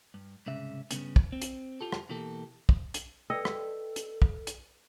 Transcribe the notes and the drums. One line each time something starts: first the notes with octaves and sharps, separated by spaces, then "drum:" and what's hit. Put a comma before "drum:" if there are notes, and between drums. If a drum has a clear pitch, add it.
G2
C2 G#2 C#3 E5
G2 A#2 C#3 B3, drum: hi-hat
drum: kick
C4
drum: hi-hat
F4 G4 A4
drum: rim click
B2 E3 A#3 G4 A4
drum: kick
drum: hi-hat
A4 B4 D5 D#5 G5 E6
drum: rim click
drum: hi-hat
drum: kick
drum: hi-hat